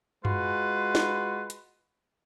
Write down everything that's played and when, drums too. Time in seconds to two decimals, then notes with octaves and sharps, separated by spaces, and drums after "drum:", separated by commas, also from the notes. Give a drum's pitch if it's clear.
0.25 G#3 F4 F#4 B4, drum: tom F#2
0.95 drum: snare
1.50 drum: hi-hat